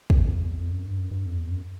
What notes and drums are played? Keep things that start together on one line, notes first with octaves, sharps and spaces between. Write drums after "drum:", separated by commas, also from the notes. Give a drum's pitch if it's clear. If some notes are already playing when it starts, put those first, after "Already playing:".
F2, drum: kick
F2
E2
F2
F#2
G2
F#2
G2
F2
E2
F#2